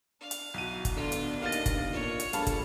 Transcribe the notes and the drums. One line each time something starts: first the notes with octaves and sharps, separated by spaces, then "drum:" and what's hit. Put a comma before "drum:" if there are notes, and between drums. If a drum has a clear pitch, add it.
D4 F5
drum: hi-hat
B1 E4 F#4 D#7
drum: kick, hi-hat
D3 A3 B3 D4 F4
drum: hi-hat
D#2 D#5 F5 A6
drum: hi-hat
drum: kick, hi-hat
A#2 C#5
drum: hi-hat
A#1 G3 G#4 A4 F5 A5 B5, drum: hi-hat
drum: kick, hi-hat